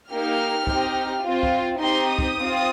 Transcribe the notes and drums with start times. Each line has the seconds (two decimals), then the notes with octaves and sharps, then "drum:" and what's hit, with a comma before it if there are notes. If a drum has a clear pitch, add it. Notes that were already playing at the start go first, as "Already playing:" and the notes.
0.10 A#3 D#4 G4 F6
0.67 C4 D#4 G4, drum: kick
1.24 C4 F4
1.43 drum: kick
1.81 C4 D#4 G4 C6
2.09 D#6
2.19 drum: kick
2.37 C4 F4